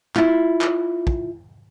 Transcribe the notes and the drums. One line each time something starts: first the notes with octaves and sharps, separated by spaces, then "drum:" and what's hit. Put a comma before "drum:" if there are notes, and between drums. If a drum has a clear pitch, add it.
E4 F4, drum: clap
drum: clap
drum: kick